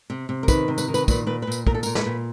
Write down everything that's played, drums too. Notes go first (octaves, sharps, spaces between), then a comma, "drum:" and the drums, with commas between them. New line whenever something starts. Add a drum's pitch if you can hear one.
C3
C3
A#4
D#3 B4, drum: kick, tambourine
C3
B4, drum: tambourine
D#3
B4, drum: tambourine
A#2 B4, drum: kick, tambourine
A#2 B4
A#2 B4
drum: tambourine
A#2 A#4, drum: kick
A4
A#2 A#4, drum: tambourine
B4, drum: snare
A#2